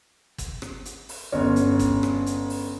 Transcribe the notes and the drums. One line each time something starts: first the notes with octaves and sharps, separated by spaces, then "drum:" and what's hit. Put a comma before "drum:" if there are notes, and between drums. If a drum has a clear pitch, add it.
drum: kick G1, hi-hat
drum: rim click
drum: hi-hat
drum: open hi-hat
G1 C#4
drum: hi-hat
drum: kick G1, hi-hat
drum: rim click
drum: hi-hat
drum: open hi-hat